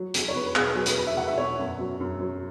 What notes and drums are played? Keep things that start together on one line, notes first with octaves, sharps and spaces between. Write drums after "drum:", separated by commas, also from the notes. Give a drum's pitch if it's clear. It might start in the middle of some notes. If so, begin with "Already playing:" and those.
Already playing: F#3
E2, drum: hi-hat
C#5
E2 B4
B4
B2 G#4, drum: clap
B4
F#3 G#4
B4, drum: hi-hat
E2 B4
E5
E2 F#5
E5
B2 C#5
F#2
F#3
F#2
F#3